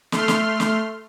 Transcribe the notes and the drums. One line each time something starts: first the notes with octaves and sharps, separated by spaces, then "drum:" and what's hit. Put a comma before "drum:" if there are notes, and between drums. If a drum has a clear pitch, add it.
A3 C6 F6, drum: snare
drum: snare
drum: snare